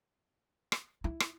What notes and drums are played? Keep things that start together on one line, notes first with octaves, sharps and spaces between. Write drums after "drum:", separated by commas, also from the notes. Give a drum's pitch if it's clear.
drum: rim click
E4
drum: rim click